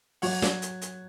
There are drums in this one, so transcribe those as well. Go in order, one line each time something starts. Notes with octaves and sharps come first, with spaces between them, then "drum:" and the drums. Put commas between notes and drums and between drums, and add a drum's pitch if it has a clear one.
F#3 C#5 F#5, drum: open hi-hat
drum: snare
drum: hi-hat
drum: hi-hat